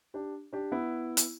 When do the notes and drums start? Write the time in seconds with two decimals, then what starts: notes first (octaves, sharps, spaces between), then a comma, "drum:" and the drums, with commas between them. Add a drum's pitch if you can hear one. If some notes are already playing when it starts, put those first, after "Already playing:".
0.14 D4 G4
0.53 D4 G4
0.72 B3 E4
1.17 drum: hi-hat